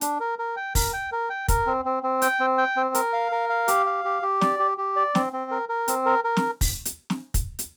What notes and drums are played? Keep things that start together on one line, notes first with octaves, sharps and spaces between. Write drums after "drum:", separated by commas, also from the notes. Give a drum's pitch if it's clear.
D4, drum: hi-hat
A#4
A#4
G5
A#4, drum: kick, open hi-hat
G5
A#4
G5
A#4, drum: kick, hi-hat
C4
C4
C4
G5, drum: hi-hat
C4
G5
C4
A#4, drum: hi-hat
F5
A#4
F5
G4, drum: hi-hat
F5
G4
G4
D5, drum: snare
G4
G4
D5
C4, drum: snare
C4
A#4
A#4
C4, drum: hi-hat
A#4
A#4
drum: snare
drum: kick, open hi-hat
drum: hi-hat
drum: snare
drum: kick, hi-hat
drum: hi-hat